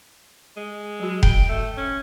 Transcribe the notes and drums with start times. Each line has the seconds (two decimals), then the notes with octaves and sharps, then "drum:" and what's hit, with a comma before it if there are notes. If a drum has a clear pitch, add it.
0.57 G#3
1.00 F#3 F#4
1.23 G5, drum: kick F1
1.49 A3
1.77 C#4